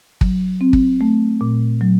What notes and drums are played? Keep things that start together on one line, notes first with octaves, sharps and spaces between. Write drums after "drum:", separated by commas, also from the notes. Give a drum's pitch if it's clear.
F#3, drum: kick
C4
drum: kick
A3
A#2
F#3